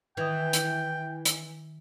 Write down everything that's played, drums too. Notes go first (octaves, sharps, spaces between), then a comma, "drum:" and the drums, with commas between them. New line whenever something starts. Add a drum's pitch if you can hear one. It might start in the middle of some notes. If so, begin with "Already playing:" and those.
D#3 E3 G5 D#6
drum: hi-hat
drum: hi-hat